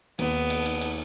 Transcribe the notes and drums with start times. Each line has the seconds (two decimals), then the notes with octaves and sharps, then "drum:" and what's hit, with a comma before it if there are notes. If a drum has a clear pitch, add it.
0.19 D#2 B3, drum: cymbal
0.50 drum: cymbal
0.66 drum: cymbal
0.81 drum: cymbal